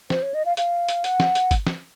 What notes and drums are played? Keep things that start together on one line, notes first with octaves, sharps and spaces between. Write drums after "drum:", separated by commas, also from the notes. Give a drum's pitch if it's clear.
C5, drum: snare
C#5
D#5
F5
F5, drum: hi-hat
drum: hi-hat
F#5, drum: hi-hat
drum: snare
drum: hi-hat
drum: kick, hi-hat
drum: snare